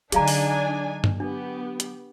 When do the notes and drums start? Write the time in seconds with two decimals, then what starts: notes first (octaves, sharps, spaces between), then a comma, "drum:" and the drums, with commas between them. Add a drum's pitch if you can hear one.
0.12 D3 F#3 D4 D#4 G#4 F5 G#5 A#5, drum: hi-hat
0.28 drum: open hi-hat
1.04 drum: tom G2
1.20 B3 D4 G4
1.80 drum: hi-hat